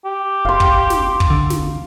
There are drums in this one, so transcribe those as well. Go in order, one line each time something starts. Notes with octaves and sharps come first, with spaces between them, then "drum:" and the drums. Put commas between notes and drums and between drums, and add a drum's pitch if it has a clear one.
G4
F#1 F5 C6
drum: kick
drum: snare
drum: kick
D3
drum: snare